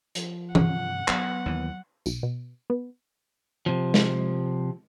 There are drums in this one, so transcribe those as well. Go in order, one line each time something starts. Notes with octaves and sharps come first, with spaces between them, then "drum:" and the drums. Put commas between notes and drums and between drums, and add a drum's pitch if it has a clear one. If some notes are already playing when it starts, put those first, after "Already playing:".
F3, drum: hi-hat
G2 C3 F#5, drum: tom E3
F#3 B3, drum: clap
D#2 E3
B1, drum: tambourine
B2
B3
C3 F3
drum: snare G#3